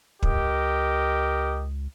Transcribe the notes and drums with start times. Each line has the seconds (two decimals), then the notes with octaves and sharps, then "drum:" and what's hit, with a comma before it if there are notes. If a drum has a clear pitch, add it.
0.23 C#2 G4 A#4 D#5, drum: kick